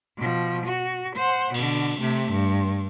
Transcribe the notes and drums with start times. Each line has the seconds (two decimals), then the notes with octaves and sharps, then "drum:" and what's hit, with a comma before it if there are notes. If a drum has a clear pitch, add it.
0.18 B2 F3
0.66 F#4
1.15 C5 F#5
1.54 B2 D3, drum: cymbal
1.99 C3 A3
2.31 G2